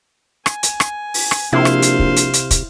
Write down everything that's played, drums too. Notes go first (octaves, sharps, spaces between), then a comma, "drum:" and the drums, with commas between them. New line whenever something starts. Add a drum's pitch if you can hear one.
G#5, drum: rim click
drum: hi-hat
drum: rim click
drum: open hi-hat
drum: rim click
A#1 C3 E4 C5 F5
drum: rim click
drum: hi-hat
drum: kick
drum: hi-hat
drum: hi-hat
drum: kick, hi-hat